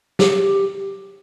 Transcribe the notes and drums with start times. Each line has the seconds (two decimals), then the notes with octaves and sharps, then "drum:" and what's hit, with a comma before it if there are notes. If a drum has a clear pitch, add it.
0.19 G4, drum: snare